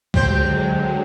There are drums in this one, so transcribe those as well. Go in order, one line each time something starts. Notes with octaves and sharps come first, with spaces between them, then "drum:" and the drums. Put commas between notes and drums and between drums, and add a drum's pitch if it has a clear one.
D3 F#3 G#3 C4 G4 C5, drum: kick C2